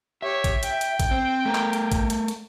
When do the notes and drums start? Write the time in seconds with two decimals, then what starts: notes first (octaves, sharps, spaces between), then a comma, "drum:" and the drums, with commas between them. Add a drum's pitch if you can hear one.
0.22 G4 C#5 E5
0.44 drum: kick A1, hi-hat
0.63 G5, drum: hi-hat
0.81 drum: hi-hat
1.00 drum: kick A1, hi-hat
1.11 C4
1.45 A3 A#4
1.55 drum: clap
1.73 drum: hi-hat
1.92 drum: kick A1, hi-hat
2.10 drum: hi-hat
2.28 drum: hi-hat